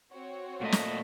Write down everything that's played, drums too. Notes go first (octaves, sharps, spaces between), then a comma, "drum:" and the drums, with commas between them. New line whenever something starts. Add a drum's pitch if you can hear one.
C4 F#4 C#5
A#2 A3 D#5
drum: snare